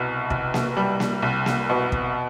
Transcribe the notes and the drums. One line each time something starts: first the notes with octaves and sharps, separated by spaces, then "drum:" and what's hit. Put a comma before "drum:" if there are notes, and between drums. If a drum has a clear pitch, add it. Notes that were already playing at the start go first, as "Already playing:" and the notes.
Already playing: C2 B2
C2, drum: kick
drum: snare A#3
G3
drum: snare A#3
C2
drum: snare A#3
B2
drum: kick